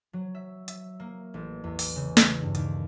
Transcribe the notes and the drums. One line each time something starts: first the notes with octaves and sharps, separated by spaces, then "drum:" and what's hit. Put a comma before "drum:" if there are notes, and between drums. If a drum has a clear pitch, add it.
F#3
E5
E5, drum: hi-hat
A#3
A1
E2
drum: open hi-hat
C#3
drum: snare
G2
D#2, drum: hi-hat